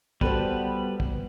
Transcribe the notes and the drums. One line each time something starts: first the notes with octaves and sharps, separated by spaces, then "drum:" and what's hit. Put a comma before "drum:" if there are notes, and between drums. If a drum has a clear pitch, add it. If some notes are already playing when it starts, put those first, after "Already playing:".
G3 B3 F#4 A4 B4 C5, drum: kick
drum: kick